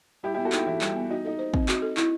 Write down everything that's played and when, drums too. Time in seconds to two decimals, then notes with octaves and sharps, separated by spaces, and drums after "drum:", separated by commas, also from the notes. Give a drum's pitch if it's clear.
0.23 G3 E4 G4
0.34 B3 E4 G4
0.45 F#4 A4
0.52 D#4 E4, drum: clap
0.67 E3 E4
0.81 G3, drum: clap
0.96 B3
1.10 D#4 F#4
1.25 D#4 A4
1.39 C5
1.54 C4, drum: kick
1.68 F#4, drum: clap
1.82 A4
1.97 E4, drum: clap